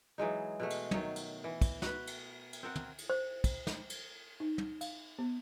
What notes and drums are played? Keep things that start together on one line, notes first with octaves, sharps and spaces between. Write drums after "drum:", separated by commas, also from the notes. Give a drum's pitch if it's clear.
E3 F#3 G#3 D#4
B2 G#3 A3
drum: cymbal
D#3 F#3 C#5, drum: tom
drum: cymbal
E3
drum: kick, cymbal
F#4 B4, drum: snare
drum: cymbal
drum: cymbal
C4 A#4 F#5
drum: tom
drum: cymbal
C5
drum: kick, cymbal
drum: snare
drum: cymbal
D#4
drum: tom
F5, drum: cymbal
B3